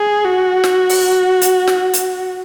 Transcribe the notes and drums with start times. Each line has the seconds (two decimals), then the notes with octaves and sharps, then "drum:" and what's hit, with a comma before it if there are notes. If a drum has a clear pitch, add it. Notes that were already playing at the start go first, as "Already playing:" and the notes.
Already playing: G#4
0.25 F#4
0.64 drum: snare
0.90 drum: open hi-hat
1.41 drum: hi-hat
1.67 drum: snare
1.93 drum: hi-hat